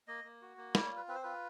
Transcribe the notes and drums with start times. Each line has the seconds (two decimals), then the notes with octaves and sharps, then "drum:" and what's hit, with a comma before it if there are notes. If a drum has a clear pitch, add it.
0.07 A#3 D#5
0.24 A#3
0.42 F#4
0.57 A#3
0.75 G3 D5, drum: snare
0.86 C#5
0.91 F4
0.97 B4
1.08 C4 B4
1.15 C5
1.23 F4 B4